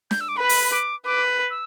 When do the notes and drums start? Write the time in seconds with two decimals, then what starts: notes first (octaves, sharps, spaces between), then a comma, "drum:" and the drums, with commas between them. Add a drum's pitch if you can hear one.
0.11 G6, drum: snare
0.21 E6
0.29 D6
0.37 B4 B5
0.49 drum: open hi-hat
0.64 B5
0.71 D6
1.06 B4 D6
1.50 E6